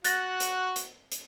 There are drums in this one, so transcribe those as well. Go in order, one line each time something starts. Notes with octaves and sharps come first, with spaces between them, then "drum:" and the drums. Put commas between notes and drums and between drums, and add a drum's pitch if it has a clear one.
F#4 F#5 F#6 A6 A#6, drum: hi-hat
drum: hi-hat
drum: hi-hat
drum: hi-hat